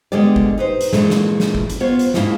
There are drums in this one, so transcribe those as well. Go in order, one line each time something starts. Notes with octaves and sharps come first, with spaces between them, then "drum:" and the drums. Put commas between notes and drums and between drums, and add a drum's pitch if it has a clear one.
D3 G3 G#3 B3 D5
drum: kick G1
D#4 B4 C5
drum: hi-hat
A#2 E3 G#3 A3, drum: snare
drum: snare
drum: snare
drum: kick G1
drum: hi-hat
B3 F4 C5 C#5
drum: hi-hat
D#2 G#2 F3 A#3 E4, drum: snare